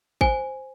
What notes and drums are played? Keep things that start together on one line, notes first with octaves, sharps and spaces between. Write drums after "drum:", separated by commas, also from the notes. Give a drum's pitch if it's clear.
C5 G#5, drum: kick